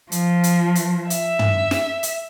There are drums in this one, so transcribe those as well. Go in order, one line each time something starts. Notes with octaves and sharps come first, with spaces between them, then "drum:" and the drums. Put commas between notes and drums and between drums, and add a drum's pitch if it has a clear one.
F3, drum: hi-hat
drum: hi-hat
drum: hi-hat
E5, drum: hi-hat
drum: tom
drum: snare
drum: hi-hat